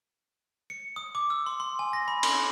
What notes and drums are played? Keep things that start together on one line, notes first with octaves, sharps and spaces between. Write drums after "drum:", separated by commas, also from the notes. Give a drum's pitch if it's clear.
C#7
D#6
D6
E6
C6
C6
G#5
A#6
B5
C6, drum: cymbal